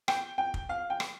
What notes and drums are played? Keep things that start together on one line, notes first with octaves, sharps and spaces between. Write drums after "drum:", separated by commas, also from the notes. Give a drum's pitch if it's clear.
G5, drum: rim click
G5
drum: kick
F5
G5
drum: rim click